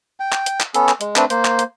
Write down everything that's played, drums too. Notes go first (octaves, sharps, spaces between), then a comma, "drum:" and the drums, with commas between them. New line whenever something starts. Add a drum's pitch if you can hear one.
G5
drum: clap
drum: hi-hat
drum: clap
B3 C#4 A4, drum: hi-hat
drum: clap
G#3, drum: hi-hat
A3 C4 D4 B4, drum: clap
A#3 C5, drum: hi-hat
drum: clap
drum: hi-hat